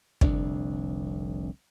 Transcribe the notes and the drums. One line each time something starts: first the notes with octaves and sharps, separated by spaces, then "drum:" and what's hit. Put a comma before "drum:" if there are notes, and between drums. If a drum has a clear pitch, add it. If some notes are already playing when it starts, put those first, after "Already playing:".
F1 C2 D3 D4, drum: kick